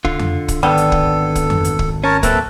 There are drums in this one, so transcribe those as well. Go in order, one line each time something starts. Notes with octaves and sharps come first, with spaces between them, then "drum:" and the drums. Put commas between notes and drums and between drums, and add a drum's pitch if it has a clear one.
D3 F4, drum: kick
drum: tom F2
drum: kick, hi-hat
G#1 D3 G3 B3 A4
drum: hi-hat
drum: kick
drum: kick, hi-hat
drum: tom F2
drum: hi-hat
drum: kick
C#4 A#4 C#5 A5
D1 A#3 C4 A4 B4 E5 A5, drum: kick, hi-hat